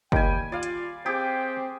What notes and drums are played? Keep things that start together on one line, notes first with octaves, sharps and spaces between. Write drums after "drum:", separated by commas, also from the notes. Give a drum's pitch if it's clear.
D#2 G3 G5 G#5, drum: kick
F4 D5 F5
drum: hi-hat
C4 G4 G#4 G5 D6